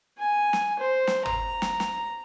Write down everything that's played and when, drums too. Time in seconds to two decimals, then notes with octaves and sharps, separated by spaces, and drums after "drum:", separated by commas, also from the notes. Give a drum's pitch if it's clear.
0.18 G#5
0.53 drum: snare
0.79 C5
1.07 drum: snare
1.26 A#5, drum: tom
1.62 drum: snare
1.80 drum: snare